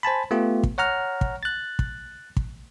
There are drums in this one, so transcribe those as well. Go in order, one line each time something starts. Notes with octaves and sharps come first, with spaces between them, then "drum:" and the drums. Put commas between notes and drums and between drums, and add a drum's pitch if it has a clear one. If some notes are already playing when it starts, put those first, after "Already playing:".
C5 G#5 A5 B5
A3 B3 F4 G4
drum: kick
C#5 F#5 A#5 F6
drum: kick
F#6 A6
drum: kick
drum: kick